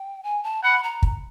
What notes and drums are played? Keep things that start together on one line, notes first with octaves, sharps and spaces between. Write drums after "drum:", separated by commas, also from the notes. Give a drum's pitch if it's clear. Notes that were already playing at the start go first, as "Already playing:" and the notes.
Already playing: G5
G#5
A5
F#5 B5
A#5
drum: kick